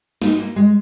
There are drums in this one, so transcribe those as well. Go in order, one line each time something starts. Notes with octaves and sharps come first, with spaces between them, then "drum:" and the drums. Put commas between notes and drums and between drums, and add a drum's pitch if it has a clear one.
D#4, drum: snare
A#3
G#3